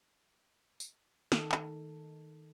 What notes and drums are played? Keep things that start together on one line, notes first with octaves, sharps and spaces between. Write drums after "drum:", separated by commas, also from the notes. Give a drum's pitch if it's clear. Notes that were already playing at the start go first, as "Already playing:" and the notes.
drum: tambourine
D#3 D#4 A4, drum: snare
drum: clap